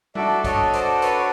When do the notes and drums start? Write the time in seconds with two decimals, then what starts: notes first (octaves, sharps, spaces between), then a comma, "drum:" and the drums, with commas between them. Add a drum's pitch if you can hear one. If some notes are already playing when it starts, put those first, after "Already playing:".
0.15 D4 F#4 A4 D5 E5, drum: tom G3
0.44 C#5 D#5, drum: kick, hi-hat
0.73 C5 D5, drum: hi-hat
1.02 B4 C#5, drum: hi-hat